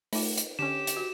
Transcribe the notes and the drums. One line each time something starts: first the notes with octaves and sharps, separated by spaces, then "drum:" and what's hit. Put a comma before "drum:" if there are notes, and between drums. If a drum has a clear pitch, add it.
A3 D#4 F4, drum: open hi-hat
drum: hi-hat
D3 C#4 G4 E7
drum: hi-hat
F#4